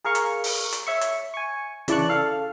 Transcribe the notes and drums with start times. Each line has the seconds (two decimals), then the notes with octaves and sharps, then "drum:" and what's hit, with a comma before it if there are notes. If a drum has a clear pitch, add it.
0.05 G#4 A#4 F5 C#6
0.15 drum: hi-hat
0.44 drum: open hi-hat
0.73 drum: hi-hat
0.87 C#5 E5 C#6
1.01 drum: hi-hat
1.34 G#5 C#6
1.88 C#3 E3 D5 A5 C#6 F#6, drum: hi-hat
2.09 A4 F5